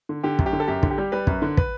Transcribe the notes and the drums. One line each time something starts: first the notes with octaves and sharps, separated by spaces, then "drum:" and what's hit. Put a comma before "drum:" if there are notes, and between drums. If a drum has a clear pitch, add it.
D3
D3 G4
F#2, drum: kick
G4
D3
A4
F#2 G4
D3, drum: kick
G4
G3
G3 B4
F#2, drum: kick
D3
B4, drum: kick